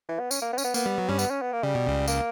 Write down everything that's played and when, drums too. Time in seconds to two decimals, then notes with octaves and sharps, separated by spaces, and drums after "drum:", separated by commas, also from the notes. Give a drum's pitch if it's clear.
0.09 E3
0.19 B3
0.31 C#4, drum: tambourine
0.42 A#3
0.53 B3
0.58 C#4, drum: tambourine
0.64 B3
0.74 A#3 B3, drum: tambourine
0.86 G3
0.98 F#3
1.08 G2 G3 C#4
1.19 B3, drum: tambourine
1.30 C#4
1.42 B3
1.53 A#3
1.63 C#3 G3
1.75 B2
1.87 C#2 C#3
2.08 A#3, drum: tambourine